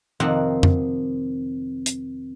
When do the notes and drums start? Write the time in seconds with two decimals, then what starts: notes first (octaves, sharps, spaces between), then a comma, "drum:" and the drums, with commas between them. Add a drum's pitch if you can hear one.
0.20 F2 C3 D#3 A#3 C4 F#5
0.63 drum: tom F2
1.86 drum: hi-hat